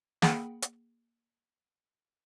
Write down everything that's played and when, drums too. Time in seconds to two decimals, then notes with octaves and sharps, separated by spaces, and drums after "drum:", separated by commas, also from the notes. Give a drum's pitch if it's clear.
0.22 A#3 G#4 F#5 G5 B5, drum: snare
0.62 drum: hi-hat